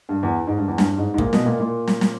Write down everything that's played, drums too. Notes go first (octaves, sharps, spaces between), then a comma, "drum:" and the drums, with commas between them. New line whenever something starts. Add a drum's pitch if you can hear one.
G2
E2
G#2
G2
E2
G2, drum: snare
G#2
G#2
A#2, drum: kick
B2, drum: snare
A#2
A#2
drum: snare
drum: snare